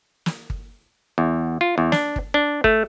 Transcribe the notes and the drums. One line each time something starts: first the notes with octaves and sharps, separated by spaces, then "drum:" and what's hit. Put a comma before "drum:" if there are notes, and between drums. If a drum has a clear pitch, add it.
drum: snare
drum: kick G1
E2
F4
E2
D4, drum: snare
drum: kick G1
D4
A3, drum: kick G1